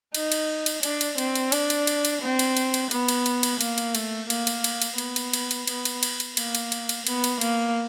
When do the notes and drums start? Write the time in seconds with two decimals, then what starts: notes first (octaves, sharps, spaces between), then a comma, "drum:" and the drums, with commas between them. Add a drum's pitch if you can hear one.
0.15 D#4, drum: cymbal
0.32 drum: cymbal
0.66 drum: cymbal
0.83 D4, drum: cymbal
1.01 drum: cymbal
1.18 C4, drum: cymbal
1.35 drum: cymbal
1.52 D4, drum: cymbal
1.70 drum: cymbal
1.87 drum: cymbal
2.05 drum: cymbal
2.22 C4
2.39 drum: cymbal
2.57 drum: cymbal
2.74 drum: cymbal
2.91 B3, drum: cymbal
3.09 drum: cymbal
3.26 drum: cymbal
3.43 drum: cymbal
3.61 A#3, drum: cymbal
3.78 drum: cymbal
3.95 A3, drum: cymbal
4.30 A#3, drum: cymbal
4.47 drum: cymbal
4.64 drum: cymbal
4.82 drum: cymbal
4.98 B3, drum: cymbal
5.16 drum: cymbal
5.33 drum: cymbal
5.51 drum: cymbal
5.67 B3, drum: cymbal
5.85 drum: cymbal
6.03 drum: cymbal
6.20 drum: cymbal
6.37 A#3, drum: cymbal
6.55 drum: cymbal
6.72 drum: cymbal
6.89 drum: cymbal
7.07 B3, drum: cymbal
7.24 drum: cymbal
7.41 A#3, drum: cymbal